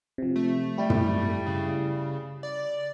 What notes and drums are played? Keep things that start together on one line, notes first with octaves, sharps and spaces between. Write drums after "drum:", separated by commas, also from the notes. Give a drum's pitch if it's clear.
C3 F3
A3
G3 E4 G4
drum: tom
C#3
D5